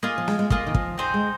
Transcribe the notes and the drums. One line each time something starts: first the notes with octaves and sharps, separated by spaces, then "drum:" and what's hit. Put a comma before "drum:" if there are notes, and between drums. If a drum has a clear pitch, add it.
A#3 F4 G#4 D#5
F3
G#3, drum: snare
G#3
A#3 F4 G#4 D#5, drum: kick
D#3
F3, drum: kick
C4 D#4 G#4 C5
G#3